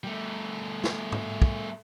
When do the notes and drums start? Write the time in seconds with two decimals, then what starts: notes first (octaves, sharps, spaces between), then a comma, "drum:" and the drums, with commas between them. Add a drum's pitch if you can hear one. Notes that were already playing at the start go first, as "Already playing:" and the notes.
0.04 G3 A3
0.84 drum: snare
1.12 drum: tom G#2
1.42 drum: kick